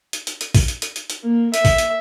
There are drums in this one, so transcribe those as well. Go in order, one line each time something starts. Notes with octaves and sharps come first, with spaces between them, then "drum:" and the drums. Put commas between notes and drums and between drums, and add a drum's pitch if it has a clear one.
drum: hi-hat
drum: hi-hat
drum: hi-hat
drum: kick, open hi-hat
drum: hi-hat
drum: hi-hat
drum: hi-hat
drum: hi-hat
A#3
E5, drum: hi-hat
drum: kick, open hi-hat
drum: hi-hat